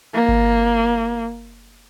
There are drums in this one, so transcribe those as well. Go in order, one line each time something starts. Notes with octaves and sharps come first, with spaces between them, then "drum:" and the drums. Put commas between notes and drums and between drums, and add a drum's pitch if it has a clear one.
A#3
drum: kick G1